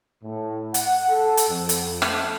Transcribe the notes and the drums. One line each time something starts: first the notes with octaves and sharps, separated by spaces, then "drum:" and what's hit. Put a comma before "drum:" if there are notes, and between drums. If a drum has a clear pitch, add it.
A2
F#5, drum: hi-hat
A4
drum: hi-hat
F2
drum: hi-hat
A3, drum: rim click